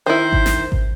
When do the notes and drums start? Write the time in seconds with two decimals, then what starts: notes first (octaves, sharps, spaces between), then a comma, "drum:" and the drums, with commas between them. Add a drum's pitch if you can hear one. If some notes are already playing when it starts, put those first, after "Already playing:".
0.06 D#3 E4 C5
0.33 drum: kick G#1
0.46 drum: snare
0.72 drum: kick G#1